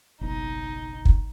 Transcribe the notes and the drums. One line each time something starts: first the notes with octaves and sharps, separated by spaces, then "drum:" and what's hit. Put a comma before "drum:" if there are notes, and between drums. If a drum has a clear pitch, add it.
F#1 B1 D#4
drum: kick